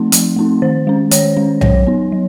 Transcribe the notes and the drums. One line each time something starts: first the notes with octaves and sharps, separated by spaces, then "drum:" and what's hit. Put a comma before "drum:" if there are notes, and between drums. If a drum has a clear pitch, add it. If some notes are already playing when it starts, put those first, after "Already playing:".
Already playing: F3 A3 C4 D#4
F3, drum: hi-hat
A3 C4 D#4
D#3 C5
G#3 C#4
D#3 C#5, drum: hi-hat
G#3 C#4
F#3 C#5, drum: tom B1
B3 D#4
F#3